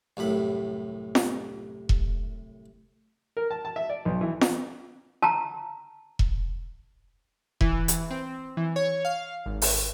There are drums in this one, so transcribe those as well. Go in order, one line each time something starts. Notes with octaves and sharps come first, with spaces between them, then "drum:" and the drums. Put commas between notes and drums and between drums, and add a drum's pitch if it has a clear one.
C2 F#2 A2 B5
drum: snare
drum: kick E1
A#4
A5
A5
E5
D5
B1
E3
drum: snare
A5 A#5
drum: kick E1
E3, drum: kick E1
drum: hi-hat
C4
E3
C#5
F5
G#1
drum: open hi-hat